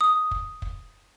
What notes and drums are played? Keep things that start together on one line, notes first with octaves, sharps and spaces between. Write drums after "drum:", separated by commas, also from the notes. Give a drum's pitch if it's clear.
D#6
drum: kick
drum: kick